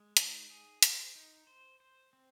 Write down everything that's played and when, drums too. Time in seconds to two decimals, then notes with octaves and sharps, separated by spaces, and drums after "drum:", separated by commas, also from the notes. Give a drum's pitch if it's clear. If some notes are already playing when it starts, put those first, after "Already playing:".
Already playing: G#3
0.17 D#4, drum: hi-hat
0.50 G#4
0.82 C5, drum: hi-hat
1.15 D#4
1.47 C5
1.80 C5
2.13 C4